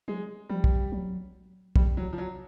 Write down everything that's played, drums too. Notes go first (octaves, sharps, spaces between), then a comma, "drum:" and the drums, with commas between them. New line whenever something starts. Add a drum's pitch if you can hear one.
F#3 G#3
F3 G3
drum: kick
F#3
F3 G3, drum: kick
F3 F#3
F3
F#3